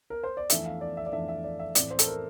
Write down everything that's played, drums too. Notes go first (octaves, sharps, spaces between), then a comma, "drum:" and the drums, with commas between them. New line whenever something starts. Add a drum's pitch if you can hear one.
A#4
C5
D5
F2 E3 A3 D4 E5, drum: hi-hat
F5
D5
E5
D5
F2 E3 A3 D4 E5
E5
D5
E5
A2 E3 A3 C4 D5, drum: hi-hat
C5
A4, drum: hi-hat
A#4